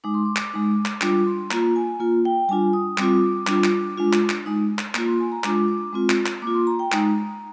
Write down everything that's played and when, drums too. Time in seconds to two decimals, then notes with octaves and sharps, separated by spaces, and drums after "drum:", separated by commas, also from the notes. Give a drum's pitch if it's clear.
0.04 G#3 D#4 D6
0.14 C6
0.25 D6
0.36 drum: clap
0.53 G#3 D#4
0.86 drum: clap
1.01 G3 D4 F4 D6, drum: clap
1.26 C6
1.51 A#3 F4 A#5, drum: clap
1.76 G#5
2.00 A#3 F4
2.25 G5
2.49 G3 D4 F4 G#5
2.73 D#6
2.98 G3 C4 F4 D6, drum: clap
3.47 G3 D4 F4, drum: clap
3.64 drum: clap
3.97 G#3 D4 F4
4.13 drum: clap
4.30 drum: clap
4.46 G#3 D#4
4.79 drum: clap
4.95 A#3 F4, drum: clap
5.07 C6
5.20 G#5
5.32 A#5
5.44 G#3 D4 F4 D6, drum: clap
5.68 D6
5.93 G#3 C4 F4
6.10 drum: clap
6.26 drum: clap
6.42 A#3 F4 D6
6.54 C6
6.67 A#5
6.79 G5
6.92 G#3 D#4 A#5, drum: clap